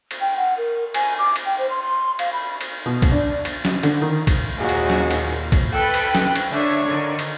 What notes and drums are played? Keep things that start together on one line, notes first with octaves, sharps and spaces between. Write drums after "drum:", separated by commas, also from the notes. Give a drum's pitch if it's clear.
drum: cymbal
G5
F#5
A#4
G#5, drum: cymbal
D6
drum: cymbal
G5
C5
C6
C6
F5, drum: cymbal
B5
drum: cymbal
B2
drum: kick, cymbal
D4
A6, drum: cymbal
drum: snare
D3, drum: cymbal
D#3
drum: kick, cymbal
D#2 A#2 G#3 F#4
drum: cymbal
drum: snare
drum: cymbal
drum: kick, cymbal
A4 B4 G5 F#6
drum: cymbal
drum: snare
drum: cymbal
D3 D4 C#5 E5
D3 D#3
drum: cymbal